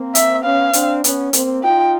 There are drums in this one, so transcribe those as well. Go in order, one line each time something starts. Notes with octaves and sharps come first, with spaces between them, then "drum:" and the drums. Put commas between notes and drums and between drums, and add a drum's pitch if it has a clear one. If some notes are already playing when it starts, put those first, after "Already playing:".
Already playing: A#3 C4
E5, drum: hi-hat
B3 C#4 F5
C4 D4, drum: hi-hat
B3 C#4, drum: hi-hat
A#3 C4, drum: hi-hat
D#4 F4 G5